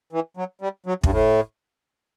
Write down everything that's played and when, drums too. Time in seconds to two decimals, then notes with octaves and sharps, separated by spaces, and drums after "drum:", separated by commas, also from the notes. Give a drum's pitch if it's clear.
0.13 E3
0.37 F#3
0.61 G3
0.86 F#3
1.03 G2, drum: kick
1.11 A2